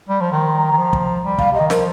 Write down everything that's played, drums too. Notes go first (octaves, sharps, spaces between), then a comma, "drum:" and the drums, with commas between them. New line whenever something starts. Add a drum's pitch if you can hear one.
G3
F3
D#3 C6
A#5
D#3
F3
drum: kick
G3
F5, drum: kick
C3 D#5
D#3
F3 A#4, drum: snare